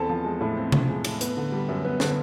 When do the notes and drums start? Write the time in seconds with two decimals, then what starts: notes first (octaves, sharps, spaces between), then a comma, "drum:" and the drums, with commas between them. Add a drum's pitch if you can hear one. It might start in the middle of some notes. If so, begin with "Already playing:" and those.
Already playing: E2 C4 A4 A5
0.09 F3
0.25 G#3
0.41 A2
0.57 C4
0.72 F3, drum: tom C3
0.89 G#3
1.04 A2, drum: cymbal
1.21 B3, drum: hi-hat
1.37 D3
1.52 G3
1.69 F#2
1.85 B3
2.00 D3, drum: snare